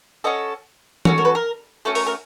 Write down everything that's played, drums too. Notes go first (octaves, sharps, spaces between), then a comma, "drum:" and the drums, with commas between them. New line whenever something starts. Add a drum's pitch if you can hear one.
C#4 F#4 A4 D#5
C#4 F#4 A4 A#4, drum: tom E3
A#4
B4
A#4
A3 C#4 F#4 A4
A#4, drum: open hi-hat
A#4